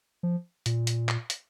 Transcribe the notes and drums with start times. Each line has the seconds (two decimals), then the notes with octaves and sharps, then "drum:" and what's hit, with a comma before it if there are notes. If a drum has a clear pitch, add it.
0.23 F3
0.66 A#2, drum: hi-hat
0.87 drum: hi-hat
1.09 drum: clap
1.30 drum: hi-hat